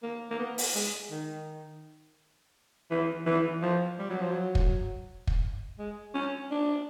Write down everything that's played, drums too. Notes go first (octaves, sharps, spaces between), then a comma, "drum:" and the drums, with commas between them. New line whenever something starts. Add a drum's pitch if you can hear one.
A#3
A#3
B3
drum: open hi-hat
G#3
D#3
E3
E3
F3
G3
F#3
F3
F#3
drum: kick
drum: kick
G#3
C#4
D4